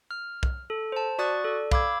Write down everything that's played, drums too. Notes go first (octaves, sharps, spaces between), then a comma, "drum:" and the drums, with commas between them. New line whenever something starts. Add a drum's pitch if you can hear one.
F6
drum: kick
A4
C5 A5
F#4 D5 C#6 D#6 F#6 A6
A4 D5
F5 B5 D6 E6 G#6, drum: kick